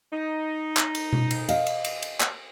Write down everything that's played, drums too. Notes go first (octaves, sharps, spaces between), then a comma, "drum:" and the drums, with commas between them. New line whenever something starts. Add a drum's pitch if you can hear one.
D#4
drum: clap
drum: cymbal
drum: tom B2
drum: cymbal
D#5 F5, drum: cymbal
drum: cymbal
drum: cymbal
drum: cymbal
drum: clap